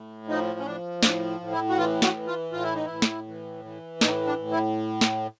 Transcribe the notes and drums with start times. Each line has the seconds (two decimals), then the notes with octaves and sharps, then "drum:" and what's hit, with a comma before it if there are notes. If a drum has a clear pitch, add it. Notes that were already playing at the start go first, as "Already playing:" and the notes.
Already playing: A2
0.28 F3 D#4
0.59 C#4
0.65 F3 D4
1.03 A2 D4, drum: snare
1.40 A2
1.52 E4
1.70 F#4
1.78 E3 F4
2.02 F#4, drum: snare
2.15 E3
2.27 F4
2.52 A2 F4
2.63 E4
2.75 D#4
2.85 A2 E4
3.02 drum: snare
3.28 E3
3.65 E3
4.01 A2 D#4, drum: snare
4.27 D4
4.39 A2
4.51 E4
5.01 drum: snare